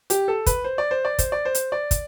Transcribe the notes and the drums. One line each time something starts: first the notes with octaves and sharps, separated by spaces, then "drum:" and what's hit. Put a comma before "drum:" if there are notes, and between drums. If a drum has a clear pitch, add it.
G4, drum: hi-hat
A4
B4, drum: kick, hi-hat
C5
D5
C5
D5
C5, drum: kick, hi-hat
D5
C5
drum: hi-hat
D5
drum: kick, hi-hat